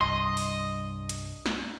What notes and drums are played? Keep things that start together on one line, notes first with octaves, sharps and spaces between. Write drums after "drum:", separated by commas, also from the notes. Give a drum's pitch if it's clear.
C2 G2 D#5 C6
drum: open hi-hat
drum: hi-hat
drum: snare